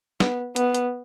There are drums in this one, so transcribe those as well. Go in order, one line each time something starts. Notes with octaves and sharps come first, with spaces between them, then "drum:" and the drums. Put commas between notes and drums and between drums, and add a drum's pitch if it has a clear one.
B3, drum: snare
B3, drum: hi-hat
drum: hi-hat